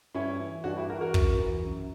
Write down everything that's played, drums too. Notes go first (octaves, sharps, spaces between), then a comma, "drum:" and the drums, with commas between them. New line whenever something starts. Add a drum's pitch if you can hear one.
G2 C#4 E4
E3
G2 D4 F#4
E4 G4
E3 F#4 A#4
F#4 A#4
F#2, drum: kick
E3
F#2